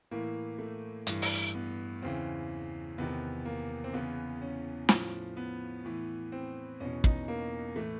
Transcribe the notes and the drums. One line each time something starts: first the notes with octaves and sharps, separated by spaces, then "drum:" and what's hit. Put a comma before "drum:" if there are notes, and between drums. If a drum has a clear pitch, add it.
A2 E3 A#3
A3
G2 E3, drum: hi-hat
drum: open hi-hat
B3
E2 C#3 E3 C4
E2 C3 D#3 B3
A#3
C4
E2 C#3 E3 B3
C#4
A2 F3, drum: snare
B3
A2 E3
C4
E2 B2 C#4
D#4, drum: kick
A#3
A2 E3 A3